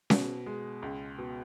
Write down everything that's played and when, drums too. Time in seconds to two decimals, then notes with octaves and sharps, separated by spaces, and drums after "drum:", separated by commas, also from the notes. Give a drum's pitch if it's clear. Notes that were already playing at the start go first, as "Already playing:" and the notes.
0.10 B2, drum: snare C#4
0.46 G#3
0.82 C#2
1.18 B2